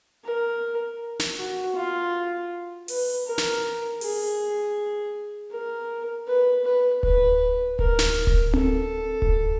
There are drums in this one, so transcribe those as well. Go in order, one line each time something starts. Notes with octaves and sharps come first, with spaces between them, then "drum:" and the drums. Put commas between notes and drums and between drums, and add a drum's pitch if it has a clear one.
A#4
drum: snare
F#4
F4
B4, drum: open hi-hat
A#4
drum: snare
G#4, drum: open hi-hat
A#4
B4
B4
B4, drum: kick D1
A#4, drum: kick D1
drum: snare
drum: kick D1
A4, drum: tom C4
drum: kick D1